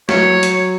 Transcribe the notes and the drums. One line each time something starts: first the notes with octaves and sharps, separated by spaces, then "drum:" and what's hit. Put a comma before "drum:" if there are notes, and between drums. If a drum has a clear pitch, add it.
F#3 C#5, drum: snare
drum: hi-hat